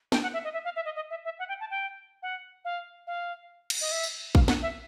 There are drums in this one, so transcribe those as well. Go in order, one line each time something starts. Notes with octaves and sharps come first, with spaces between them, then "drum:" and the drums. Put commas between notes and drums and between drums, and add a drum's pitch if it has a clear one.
G5, drum: snare
F#5
E5
D#5
E5
F5
E5
D#5
D#5
E5
E5
F#5
G5
A5
G5
F#5
F5
F5
drum: cymbal
D#5
E5
drum: tambourine
F5, drum: kick A1
F#5, drum: snare
E5